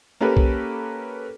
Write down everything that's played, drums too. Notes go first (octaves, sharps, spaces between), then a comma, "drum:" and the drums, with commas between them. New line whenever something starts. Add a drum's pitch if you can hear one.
A#3 C#4 G4 A4 B4
drum: kick B1